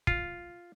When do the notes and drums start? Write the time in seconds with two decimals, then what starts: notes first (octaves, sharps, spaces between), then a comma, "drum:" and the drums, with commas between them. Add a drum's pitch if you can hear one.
0.07 F4, drum: kick